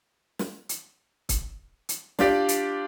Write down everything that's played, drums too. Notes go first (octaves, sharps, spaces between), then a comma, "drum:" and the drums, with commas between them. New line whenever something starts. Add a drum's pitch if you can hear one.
drum: snare
drum: hi-hat
drum: kick, hi-hat
drum: hi-hat
D4 F4 G4 D5, drum: snare
drum: hi-hat